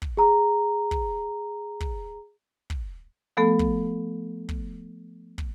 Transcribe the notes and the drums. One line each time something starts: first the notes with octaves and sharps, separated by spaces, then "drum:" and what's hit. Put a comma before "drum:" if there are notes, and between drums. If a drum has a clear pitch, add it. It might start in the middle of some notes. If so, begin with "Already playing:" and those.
drum: kick
G#4 A#5
drum: kick
drum: kick
drum: kick
F3 A3 B3 A4
drum: kick
drum: kick
drum: kick